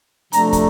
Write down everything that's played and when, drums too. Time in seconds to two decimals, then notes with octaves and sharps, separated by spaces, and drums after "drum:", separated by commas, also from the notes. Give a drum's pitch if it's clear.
0.33 C3 F3 A3 D4 A#5, drum: hi-hat
0.53 drum: kick, hi-hat